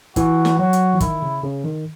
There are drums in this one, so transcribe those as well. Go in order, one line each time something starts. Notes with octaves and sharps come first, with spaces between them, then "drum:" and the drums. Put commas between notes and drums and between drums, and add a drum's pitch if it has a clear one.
E3 F#4, drum: kick, hi-hat
drum: snare
F#3 F#4
drum: hi-hat
E3
D#3 E4, drum: kick, hi-hat
C#3
C#3
D#3